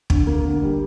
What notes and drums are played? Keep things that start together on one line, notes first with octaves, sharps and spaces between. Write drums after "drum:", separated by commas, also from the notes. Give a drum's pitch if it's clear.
D3, drum: kick
A#3
D3
G3